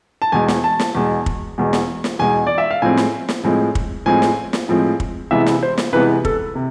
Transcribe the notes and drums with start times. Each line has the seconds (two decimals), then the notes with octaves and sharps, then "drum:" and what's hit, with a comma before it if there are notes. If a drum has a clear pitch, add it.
0.22 A5
0.32 E2 B2 G#3 G#5
0.48 drum: snare
0.64 A5
0.80 drum: snare
0.95 E2 B2 G#3
1.26 drum: kick
1.58 E2 B2 G#3
1.73 drum: snare
2.04 drum: snare
2.19 E2 B2 G#3 G#5
2.47 D5
2.58 E5
2.71 F5
2.82 A2 F3 G#3 C4 G#5
2.97 drum: snare
3.29 drum: snare
3.44 A2 F3 G#3 C4
3.75 drum: kick
4.06 A2 F3 G#3 C4 G#5
4.22 drum: snare
4.53 drum: snare
4.69 A2 F3 G#3 C4
5.00 drum: kick
5.31 C3 E3 G#3 B3 E5
5.46 drum: snare
5.63 C5
5.78 drum: snare
5.93 C3 E3 G#3 B3 B4
6.25 A4, drum: kick
6.55 C3